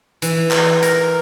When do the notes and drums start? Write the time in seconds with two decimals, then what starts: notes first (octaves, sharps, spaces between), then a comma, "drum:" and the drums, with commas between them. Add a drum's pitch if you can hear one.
0.22 E3, drum: hi-hat
0.51 drum: clap
0.82 A#4, drum: hi-hat